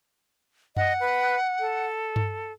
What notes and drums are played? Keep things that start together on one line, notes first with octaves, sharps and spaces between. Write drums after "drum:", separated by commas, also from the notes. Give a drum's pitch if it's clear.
D#5 F#5, drum: tom F#2
B4
A4
drum: tom G2